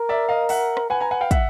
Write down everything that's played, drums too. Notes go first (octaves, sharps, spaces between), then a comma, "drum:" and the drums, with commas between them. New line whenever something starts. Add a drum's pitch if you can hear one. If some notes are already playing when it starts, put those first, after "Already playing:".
Already playing: A#4
D5 E5
D#5 F5
E5 F#5, drum: open hi-hat
drum: rim click
B4 F#5 G#5
G#5 A#5
F#5 G#5
F5 G5
E5 F#5, drum: kick, hi-hat